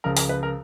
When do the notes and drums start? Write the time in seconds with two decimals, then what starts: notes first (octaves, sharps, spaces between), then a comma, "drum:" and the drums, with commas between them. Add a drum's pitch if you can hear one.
0.04 C#2 C#3 F3 A#4
0.17 A#4, drum: open hi-hat
0.29 B4
0.43 A#4